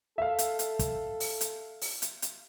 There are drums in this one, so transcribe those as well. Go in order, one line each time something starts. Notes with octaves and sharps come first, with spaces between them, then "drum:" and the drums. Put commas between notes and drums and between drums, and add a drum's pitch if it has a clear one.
A4 E5 F5
drum: hi-hat
drum: hi-hat
drum: kick, hi-hat
drum: open hi-hat
drum: hi-hat
drum: open hi-hat
drum: hi-hat
drum: hi-hat